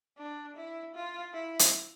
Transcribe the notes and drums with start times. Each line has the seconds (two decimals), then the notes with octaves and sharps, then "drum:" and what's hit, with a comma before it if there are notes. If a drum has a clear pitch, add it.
0.18 D4
0.56 E4
0.95 F4
1.34 E4
1.59 drum: hi-hat